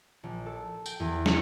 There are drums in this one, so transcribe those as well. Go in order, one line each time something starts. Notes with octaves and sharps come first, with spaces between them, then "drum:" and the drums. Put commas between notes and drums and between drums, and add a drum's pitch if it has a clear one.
A#1
A4
G5, drum: tambourine
E2
C#7, drum: snare